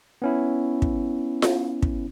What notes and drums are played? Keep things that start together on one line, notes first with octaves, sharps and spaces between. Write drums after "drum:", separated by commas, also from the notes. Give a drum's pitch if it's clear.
B3 C#4 E4
drum: kick
drum: snare F4
drum: kick